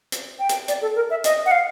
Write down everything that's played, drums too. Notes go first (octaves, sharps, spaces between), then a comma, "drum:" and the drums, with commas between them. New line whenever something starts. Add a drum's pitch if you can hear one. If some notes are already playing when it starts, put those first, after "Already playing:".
drum: hi-hat
G5
drum: hi-hat
D5, drum: hi-hat
A4
A#4
E5
D#5, drum: hi-hat
F#5
F5